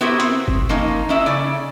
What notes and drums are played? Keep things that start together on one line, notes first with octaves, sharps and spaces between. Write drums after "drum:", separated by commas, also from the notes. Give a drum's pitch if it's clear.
B3 E4 F#4 G4 A#4 C5
C4, drum: hi-hat
drum: kick F#1
F3 A#3 C#4 D#4
C#4 D#4 E4 E5
C#3 D5